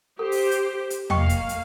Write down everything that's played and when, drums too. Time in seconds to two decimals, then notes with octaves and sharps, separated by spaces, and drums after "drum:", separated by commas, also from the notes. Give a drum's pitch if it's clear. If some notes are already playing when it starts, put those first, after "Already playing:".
0.19 G4 A4 C5
0.32 drum: open hi-hat
0.51 drum: hi-hat
0.90 drum: hi-hat
1.10 A#3 D#5 F5 G5 C#6, drum: tom E2
1.29 drum: kick, hi-hat
1.49 drum: hi-hat